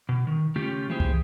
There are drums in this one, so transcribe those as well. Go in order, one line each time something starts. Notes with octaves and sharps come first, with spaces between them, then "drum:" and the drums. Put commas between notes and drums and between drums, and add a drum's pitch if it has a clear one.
B2
D#3
C#3 A3 C#4 F4 G4
E3 A#3 G4 G#4 C5
drum: kick C2